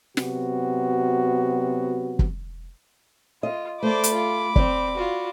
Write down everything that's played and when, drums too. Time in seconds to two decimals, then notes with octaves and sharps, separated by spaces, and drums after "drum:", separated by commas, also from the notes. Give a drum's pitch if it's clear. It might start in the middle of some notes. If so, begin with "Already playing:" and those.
0.17 C3 F#3 B3 F#4, drum: snare
2.19 drum: kick
3.43 F4 D#5
3.82 A3 C5 D5 B5 D6
4.04 drum: hi-hat
4.13 F4
4.56 C4 D5, drum: kick
4.95 F4 F#4